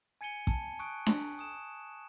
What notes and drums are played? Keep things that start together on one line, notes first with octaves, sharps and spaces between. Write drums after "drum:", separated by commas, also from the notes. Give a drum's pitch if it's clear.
G#5 G#6 C#7 D#7 G7
A5, drum: kick
C#6 D#6 F#6 D7
drum: snare D4
D#6 E7